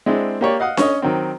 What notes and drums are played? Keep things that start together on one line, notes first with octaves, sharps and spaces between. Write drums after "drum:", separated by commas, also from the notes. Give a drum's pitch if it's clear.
G#3 C4 D4 E4
A#3 G4 C#5 D5
D#5 F5 F#5 D#6
C#4 C#5 D#5, drum: snare D4
D#3 F#3 C4